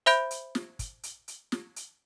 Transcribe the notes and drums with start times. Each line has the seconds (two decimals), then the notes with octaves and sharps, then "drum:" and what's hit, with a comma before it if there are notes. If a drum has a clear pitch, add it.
0.06 C5 E5 B5 G6 D7, drum: hi-hat
0.31 drum: hi-hat
0.55 drum: snare
0.79 drum: kick, hi-hat
1.03 drum: hi-hat
1.28 drum: hi-hat
1.52 drum: snare
1.76 drum: hi-hat